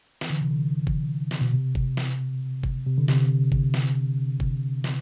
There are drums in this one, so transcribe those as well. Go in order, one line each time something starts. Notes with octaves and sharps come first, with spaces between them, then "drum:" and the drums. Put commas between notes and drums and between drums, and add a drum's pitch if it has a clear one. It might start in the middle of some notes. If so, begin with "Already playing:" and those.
E3, drum: snare
D3
C3
D3
drum: kick F#1
drum: snare
B2
C3
drum: kick F#1
drum: snare
drum: kick F#1
C3
D3
C3, drum: snare
drum: kick F#1
drum: snare
drum: kick F#1
drum: snare